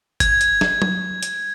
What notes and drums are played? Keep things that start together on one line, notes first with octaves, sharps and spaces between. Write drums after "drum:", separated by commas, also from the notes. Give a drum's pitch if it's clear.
G#6, drum: kick G#1, hi-hat
drum: hi-hat
drum: snare
drum: tom F#3
drum: hi-hat